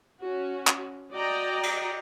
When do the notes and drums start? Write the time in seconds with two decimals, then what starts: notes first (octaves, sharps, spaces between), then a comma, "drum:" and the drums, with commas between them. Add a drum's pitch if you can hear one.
0.22 C#4 F#4
0.67 drum: clap
1.12 F#4 D5 D#5 G5 A#5
1.63 drum: cymbal